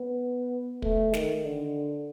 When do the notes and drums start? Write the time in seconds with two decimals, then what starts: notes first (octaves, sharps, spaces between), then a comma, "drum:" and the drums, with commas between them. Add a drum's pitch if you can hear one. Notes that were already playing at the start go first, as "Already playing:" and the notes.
Already playing: B3
0.82 A3, drum: kick
1.13 D#3, drum: snare
1.45 D3